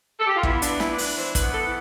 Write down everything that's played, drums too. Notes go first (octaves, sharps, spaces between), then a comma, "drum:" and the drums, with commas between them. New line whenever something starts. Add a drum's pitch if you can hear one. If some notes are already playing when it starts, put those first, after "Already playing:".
A4
G4
F4
B3 E4, drum: kick
D4, drum: hi-hat
E3
E4, drum: snare
D4
B4, drum: open hi-hat
E3 C5
B4, drum: kick, hi-hat
B3
A4
E3